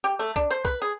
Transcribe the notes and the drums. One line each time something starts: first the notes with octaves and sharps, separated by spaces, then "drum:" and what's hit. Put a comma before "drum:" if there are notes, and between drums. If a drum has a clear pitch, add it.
G4
A3
D4, drum: kick
C5
B4, drum: kick
G#4